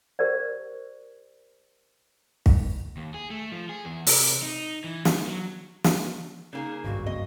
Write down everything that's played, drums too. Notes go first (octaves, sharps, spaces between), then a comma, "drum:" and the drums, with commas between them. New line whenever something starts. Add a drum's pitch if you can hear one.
G4 A#4 C5 D5
drum: kick
D#2
G#4
A3
F3
G#4
E2
C3, drum: open hi-hat
D#4
E3
D#3, drum: snare
F#3
drum: snare
C#3 A#3 D#4 G#4
G#1 C#2 G2 F#4
F#1 A#3 C4 D#5